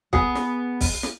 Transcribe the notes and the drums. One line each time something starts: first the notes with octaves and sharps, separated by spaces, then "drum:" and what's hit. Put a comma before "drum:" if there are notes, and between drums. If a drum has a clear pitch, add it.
B3 G#4, drum: kick
drum: snare
drum: kick, open hi-hat
drum: snare